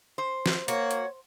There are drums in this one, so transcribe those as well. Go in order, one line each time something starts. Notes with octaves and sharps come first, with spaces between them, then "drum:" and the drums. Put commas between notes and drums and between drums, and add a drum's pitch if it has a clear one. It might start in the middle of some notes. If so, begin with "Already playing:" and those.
C5
drum: snare
A#3 F#4 C#5, drum: hi-hat
drum: hi-hat